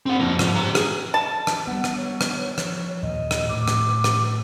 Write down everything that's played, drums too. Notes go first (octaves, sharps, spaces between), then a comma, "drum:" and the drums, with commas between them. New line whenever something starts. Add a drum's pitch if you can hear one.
C4 F#5
F2 A#3
G#2 F3, drum: rim click
G4 A#5
G#4, drum: rim click
A5
drum: rim click
G3 B3 F#5
drum: rim click
C#5
drum: rim click
F3 C#5, drum: rim click
D#2 A#2 D#5
drum: rim click
A2 D6
drum: rim click
drum: rim click